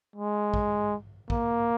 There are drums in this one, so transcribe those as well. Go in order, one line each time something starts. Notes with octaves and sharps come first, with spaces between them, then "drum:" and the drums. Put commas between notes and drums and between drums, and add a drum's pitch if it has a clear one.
G#3
drum: kick
A#3, drum: kick